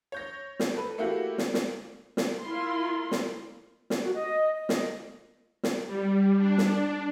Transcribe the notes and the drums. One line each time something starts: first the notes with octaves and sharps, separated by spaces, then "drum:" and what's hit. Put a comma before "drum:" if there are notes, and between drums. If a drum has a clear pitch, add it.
C#5 G6 A#6
drum: snare
A4 B4
A3 A#3 E4 F#4 G4
drum: snare
drum: snare
drum: snare
E4 F4 A#4 C6
drum: snare
drum: snare
F#4
D#5
D#5
drum: snare
drum: snare
G3
D4
drum: snare